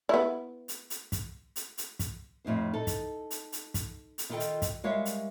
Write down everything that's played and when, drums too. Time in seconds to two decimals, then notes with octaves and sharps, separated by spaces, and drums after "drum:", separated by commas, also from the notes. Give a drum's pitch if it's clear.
0.09 B3 E4
0.68 drum: hi-hat
0.90 drum: hi-hat
1.12 drum: kick, hi-hat
1.56 drum: hi-hat
1.78 drum: hi-hat
1.99 drum: kick, hi-hat
2.45 F2 A2 D#4 C5
2.74 D#4 A4
2.87 drum: kick, hi-hat
3.31 drum: hi-hat
3.52 drum: hi-hat
3.74 drum: kick, hi-hat
4.18 drum: hi-hat
4.29 D#3 E4 F4 A4 D#5 G5
4.40 drum: hi-hat
4.62 drum: kick, hi-hat
4.84 G3 G#3 A#4 C#5 E5 F5
5.05 drum: hi-hat